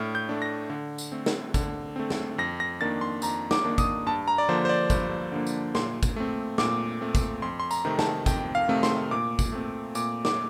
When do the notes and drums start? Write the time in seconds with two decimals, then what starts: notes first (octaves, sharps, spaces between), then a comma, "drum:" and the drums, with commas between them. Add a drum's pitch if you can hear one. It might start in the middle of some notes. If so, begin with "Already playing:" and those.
Already playing: A2 A3 D4 F6
0.15 G6
0.29 A3 D4
0.42 A#6
0.70 D3
0.98 drum: tambourine
1.12 A3 C4
1.26 drum: snare
1.54 D3, drum: kick G#1, tambourine
1.96 A3 C4
2.10 drum: snare
2.38 F2 A#6
2.60 A#6
2.81 D#3 A#3 D4 A6
3.01 C6
3.22 F2 A#5, drum: tambourine
3.51 D6, drum: snare
3.65 D#3 A#3 D4
3.78 D#6, drum: kick G#1, tambourine
4.06 G2 A5
4.28 A#5
4.38 D5
4.49 D3 F3 A#3 D4 C5
4.65 C5
4.69 D5
4.90 G2, drum: kick G#1, tambourine
5.32 D3 F3 A#3 D4
5.47 drum: tambourine
5.75 A#2 C6, drum: snare
6.03 drum: kick G#1, tambourine
6.16 A3 C4
6.58 A#2 D6, drum: snare
7.01 A3 C4
7.15 drum: kick G#1, tambourine
7.42 F2 C6
7.60 C6
7.71 A#5, drum: tambourine
7.85 C3 D#3 A3 C4
7.99 A5, drum: snare
8.26 F2 G5, drum: kick G#1, tambourine
8.55 F5
8.68 C3 D#3 A3 C4
8.83 C6, drum: snare
9.11 A#2 D6
9.39 drum: kick G#1, tambourine
9.52 A3 C4
9.95 A#2 D6, drum: tambourine
10.25 D6, drum: snare